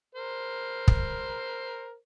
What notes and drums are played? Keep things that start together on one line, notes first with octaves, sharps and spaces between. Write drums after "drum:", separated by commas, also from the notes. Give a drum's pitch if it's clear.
A#4 C5
drum: kick